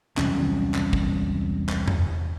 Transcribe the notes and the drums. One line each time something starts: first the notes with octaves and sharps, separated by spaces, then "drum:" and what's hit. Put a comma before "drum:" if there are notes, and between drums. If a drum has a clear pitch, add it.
E1 C2 F#3 C#4, drum: clap
drum: tom D#3
drum: clap
drum: kick
drum: clap
drum: tom E2